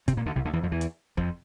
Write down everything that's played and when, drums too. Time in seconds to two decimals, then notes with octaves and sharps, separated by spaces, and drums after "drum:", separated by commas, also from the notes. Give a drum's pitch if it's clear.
0.08 C3 C4, drum: kick, hi-hat
0.17 A#2 A#3
0.26 D2 D3
0.36 C2 C3
0.45 D2 D3
0.53 E2 E3
0.63 F2 F3
0.72 E2 E3
0.81 drum: hi-hat
1.17 F2 F3, drum: kick